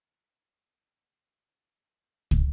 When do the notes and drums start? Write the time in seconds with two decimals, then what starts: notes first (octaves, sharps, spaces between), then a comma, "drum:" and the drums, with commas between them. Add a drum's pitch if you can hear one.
0.16 C#3 A#3 B4 C#5
2.31 drum: kick